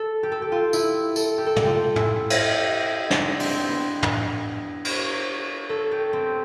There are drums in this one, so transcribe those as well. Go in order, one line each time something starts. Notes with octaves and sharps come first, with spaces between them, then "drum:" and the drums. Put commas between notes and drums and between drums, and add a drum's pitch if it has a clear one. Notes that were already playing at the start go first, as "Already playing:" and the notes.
Already playing: A4
G4
A4
G4
F4
E4, drum: tambourine
A4, drum: tambourine
G4
A4
G4, drum: tom
F4
E4, drum: tom
drum: cymbal
D4, drum: snare
C4, drum: open hi-hat
B3
drum: tom
drum: cymbal
A4
G4
C4